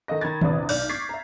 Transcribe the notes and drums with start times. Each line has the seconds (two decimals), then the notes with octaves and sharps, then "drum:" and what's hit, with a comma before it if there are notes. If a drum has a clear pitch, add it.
0.08 D#3 A4 D#5 A#6
0.21 D#3 B5 G#6 A6
0.41 A#1 E2 C3 B4 D5 D#6, drum: tom D#3
0.69 B1 D5 F6 G6, drum: open hi-hat
0.89 C#6 D6 G#6 A6 B6 C7
1.09 E5 A#5